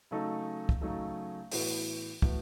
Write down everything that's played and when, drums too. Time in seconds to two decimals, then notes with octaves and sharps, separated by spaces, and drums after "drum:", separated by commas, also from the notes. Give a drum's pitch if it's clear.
0.11 C#3 F#3 A3 D#4 A4
0.69 drum: kick
0.81 C#3 F#3 A3 D#4 A4
1.51 A2 E3 B3 F#4, drum: open hi-hat
2.22 A2 E3 B3 F#4, drum: kick